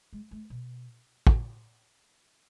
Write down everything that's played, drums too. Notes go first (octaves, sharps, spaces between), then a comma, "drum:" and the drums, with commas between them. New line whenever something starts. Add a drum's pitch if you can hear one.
G#3
A3
B2
drum: kick